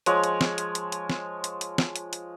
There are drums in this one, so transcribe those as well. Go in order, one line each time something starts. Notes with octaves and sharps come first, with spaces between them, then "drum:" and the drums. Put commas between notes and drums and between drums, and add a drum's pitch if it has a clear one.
F3 G#3 C#5, drum: hi-hat
drum: hi-hat
drum: snare
drum: hi-hat
drum: hi-hat
drum: hi-hat
drum: snare
drum: hi-hat
drum: hi-hat
drum: snare
drum: hi-hat
drum: hi-hat